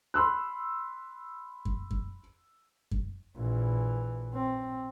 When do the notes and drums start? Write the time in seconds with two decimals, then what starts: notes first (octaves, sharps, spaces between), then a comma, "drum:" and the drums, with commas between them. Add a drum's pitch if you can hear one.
0.14 B5 C6 E6 F#6
1.65 drum: kick F#2
1.91 drum: kick F#2
2.91 drum: kick F#2
3.36 A#1 E3
4.34 C4